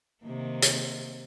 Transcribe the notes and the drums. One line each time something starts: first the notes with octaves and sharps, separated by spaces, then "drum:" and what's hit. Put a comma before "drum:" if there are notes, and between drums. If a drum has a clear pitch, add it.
C3 D#3 A#3
drum: hi-hat